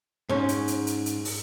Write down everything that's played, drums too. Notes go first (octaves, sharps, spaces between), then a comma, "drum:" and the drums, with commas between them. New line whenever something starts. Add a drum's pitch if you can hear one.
G#2 C#4
drum: hi-hat
drum: hi-hat
drum: hi-hat
drum: hi-hat
drum: open hi-hat